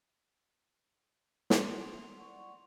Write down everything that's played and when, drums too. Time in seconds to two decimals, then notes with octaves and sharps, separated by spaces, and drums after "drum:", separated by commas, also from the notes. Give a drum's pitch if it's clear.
1.50 C6 F7, drum: snare
2.19 D5 F#5 C#6